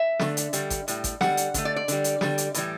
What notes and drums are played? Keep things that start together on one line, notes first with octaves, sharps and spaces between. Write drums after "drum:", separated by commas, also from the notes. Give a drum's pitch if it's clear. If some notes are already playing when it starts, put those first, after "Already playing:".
Already playing: E5
D3 A3, drum: snare
drum: hi-hat
D3 G3, drum: hi-hat
drum: kick G#1, hi-hat
A2 G3, drum: hi-hat
drum: kick G#1, hi-hat
D3 G3 F#5, drum: snare
drum: hi-hat
D3 A3, drum: kick G#1, hi-hat
D5
D5
D3 G3, drum: hi-hat
drum: hi-hat
D3 G3, drum: snare
drum: hi-hat
A2 E3 G3, drum: hi-hat